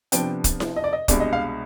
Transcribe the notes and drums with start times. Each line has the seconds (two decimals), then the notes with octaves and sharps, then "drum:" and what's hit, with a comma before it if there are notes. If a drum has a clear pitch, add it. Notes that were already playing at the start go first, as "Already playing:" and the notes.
0.12 C3 F3 B3 D4 G5, drum: hi-hat
0.44 drum: kick, hi-hat
0.60 drum: snare E4
0.76 D#5
0.84 D5
0.93 D#5
1.08 C2 B2 G#3 D4 D5, drum: kick, hi-hat
1.20 D#5
1.33 F5